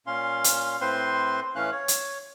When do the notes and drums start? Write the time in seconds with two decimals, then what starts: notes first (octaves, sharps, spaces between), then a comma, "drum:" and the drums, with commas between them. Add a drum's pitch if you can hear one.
0.07 A#2 C#4 F5 C6
0.44 drum: hi-hat
0.81 A2 C4 B4 C5 C6
1.56 A2 E3 A3 C#4 F5 F#6
1.71 C#5
1.88 drum: hi-hat